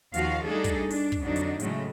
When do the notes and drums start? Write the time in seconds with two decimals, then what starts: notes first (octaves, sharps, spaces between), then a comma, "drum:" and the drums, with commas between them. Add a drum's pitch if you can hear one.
0.14 D#2 F3 F4 F#4 F5, drum: hi-hat
0.45 G3 A3 D4 D#4 G#4 A4
0.64 drum: kick, hi-hat
0.90 D4, drum: open hi-hat
1.12 drum: kick
1.22 F2 D3 F#3 D4 D#4
1.36 drum: hi-hat
1.60 A2 C#3 F#3 G#3 A3, drum: hi-hat